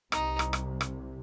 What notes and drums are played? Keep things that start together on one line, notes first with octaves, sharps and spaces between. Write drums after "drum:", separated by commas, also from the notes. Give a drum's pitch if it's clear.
C2 C3 D#4, drum: rim click
drum: rim click
drum: rim click
drum: rim click